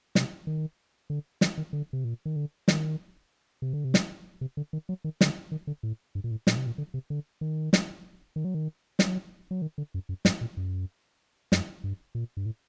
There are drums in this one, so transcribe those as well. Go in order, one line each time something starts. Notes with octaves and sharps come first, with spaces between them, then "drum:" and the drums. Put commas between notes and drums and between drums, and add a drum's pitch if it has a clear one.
C3, drum: snare
D#3
D3
D#3, drum: snare
D#3
D3
C3
A#2
D#3
D3
D#3, drum: snare
C3
D3
C3
drum: snare
C3
D3
D#3
F#3
D#3
D3, drum: snare
D#3
D3
A2
G2
A#2
A2
A#2, drum: snare
C3
A#2
D3
C3
D3
D#3
drum: snare
D#3
F#3
D#3
F#3, drum: snare
F#3
D#3
D3
F#2
F#2
G2, drum: snare
A#2
F#2
F#2, drum: snare
G2
A#2
G2
A2